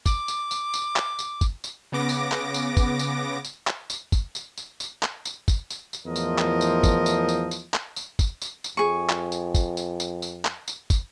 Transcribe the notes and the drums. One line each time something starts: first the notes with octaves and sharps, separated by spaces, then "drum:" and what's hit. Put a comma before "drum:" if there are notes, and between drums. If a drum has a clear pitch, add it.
D6, drum: kick, tambourine
drum: tambourine
drum: tambourine
drum: tambourine
drum: clap
drum: tambourine
drum: kick, tambourine
drum: tambourine
C#3 B3 D6 A#6
drum: tambourine
drum: clap
drum: tambourine
drum: kick, tambourine
drum: tambourine
drum: tambourine
drum: clap
drum: tambourine
drum: kick, tambourine
drum: tambourine
drum: tambourine
drum: tambourine
drum: clap
drum: tambourine
drum: kick, tambourine
drum: tambourine
drum: tambourine
E2 A2 F3 A#4 C5 D#5
drum: tambourine
drum: clap
drum: tambourine
drum: kick, tambourine
drum: tambourine
drum: tambourine
drum: tambourine
drum: clap
drum: tambourine
drum: kick, tambourine
drum: tambourine
drum: tambourine
F2 G#4 C#6
drum: clap
drum: tambourine
drum: kick, tambourine
drum: tambourine
drum: tambourine
drum: tambourine
drum: clap
drum: tambourine
drum: kick, tambourine